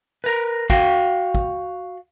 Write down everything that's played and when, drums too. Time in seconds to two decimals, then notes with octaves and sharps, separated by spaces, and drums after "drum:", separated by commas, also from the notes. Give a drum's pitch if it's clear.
0.24 A#4 B4
0.70 F#4 F5 G5, drum: kick
1.35 drum: kick